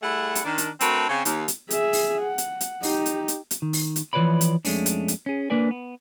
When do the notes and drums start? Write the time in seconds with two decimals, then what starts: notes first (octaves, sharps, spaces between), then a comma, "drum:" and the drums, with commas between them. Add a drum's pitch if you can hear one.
0.03 G3 A3 E4 G#4 F#5
0.35 drum: hi-hat
0.45 D#3 D4
0.58 drum: hi-hat
0.81 A3 C4 D4 F#4 A#4 B4, drum: hi-hat
1.09 C#3 C4 C#4
1.25 D#2, drum: hi-hat
1.48 drum: hi-hat
1.70 G#4 E5, drum: hi-hat
1.93 drum: open hi-hat
2.22 F#5
2.38 drum: hi-hat
2.61 drum: hi-hat
2.83 D#4 G4, drum: open hi-hat
3.06 drum: hi-hat
3.28 drum: hi-hat
3.51 drum: hi-hat
3.62 D#3
3.73 drum: open hi-hat
3.96 drum: hi-hat
4.13 E3 F3 B4 C#5 D5 B5
4.41 drum: hi-hat
4.65 F2 G#3 A3 C#4 D4, drum: open hi-hat
4.86 drum: hi-hat
5.08 drum: hi-hat
5.26 C#4 G#4
5.50 A#3 D4 B4 D5 G#5
5.71 B3